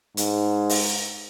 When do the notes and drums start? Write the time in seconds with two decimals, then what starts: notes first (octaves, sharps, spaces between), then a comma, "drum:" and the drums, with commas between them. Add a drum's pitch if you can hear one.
0.17 G#2, drum: hi-hat
0.69 drum: open hi-hat